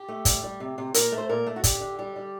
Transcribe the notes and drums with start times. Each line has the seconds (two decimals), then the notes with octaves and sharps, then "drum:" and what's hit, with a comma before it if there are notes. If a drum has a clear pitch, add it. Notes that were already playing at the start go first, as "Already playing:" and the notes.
Already playing: G4
0.08 A3
0.25 G3, drum: kick, hi-hat
0.43 G3
0.60 C3
0.78 C3
0.94 A#2 A#4, drum: hi-hat
1.12 A3
1.18 C5
1.29 A#2 A#4
1.47 A3
1.56 F#4
1.64 D3 G4, drum: kick, hi-hat
1.81 D3
1.99 G3 G4
2.16 G3